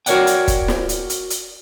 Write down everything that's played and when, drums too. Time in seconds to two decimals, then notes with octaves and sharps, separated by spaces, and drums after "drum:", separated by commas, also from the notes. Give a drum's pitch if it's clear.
0.06 F#4 A#4 C#5 D5 F#5 G5, drum: hi-hat
0.27 drum: hi-hat
0.48 drum: kick, hi-hat
0.68 drum: snare
0.89 drum: hi-hat
1.10 drum: hi-hat
1.30 drum: hi-hat